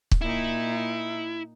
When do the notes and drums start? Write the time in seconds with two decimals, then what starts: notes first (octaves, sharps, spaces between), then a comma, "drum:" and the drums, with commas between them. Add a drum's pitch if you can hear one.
0.11 drum: kick
0.21 A#2 D#4 E4